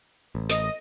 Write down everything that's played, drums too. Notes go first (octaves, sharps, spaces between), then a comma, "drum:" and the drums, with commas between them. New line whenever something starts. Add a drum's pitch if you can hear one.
A1
D#5, drum: hi-hat